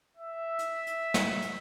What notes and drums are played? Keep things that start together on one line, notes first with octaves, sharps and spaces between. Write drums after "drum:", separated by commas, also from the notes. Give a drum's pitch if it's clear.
E5
drum: hi-hat
drum: hi-hat
drum: snare
drum: hi-hat